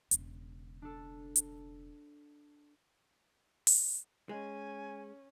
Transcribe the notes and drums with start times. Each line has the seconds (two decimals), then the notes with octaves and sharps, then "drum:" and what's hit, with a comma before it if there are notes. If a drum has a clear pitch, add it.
0.11 E1 C#3, drum: hi-hat
0.82 D4 A4
1.36 drum: hi-hat
3.67 drum: open hi-hat
4.29 G#3 C#4 G#5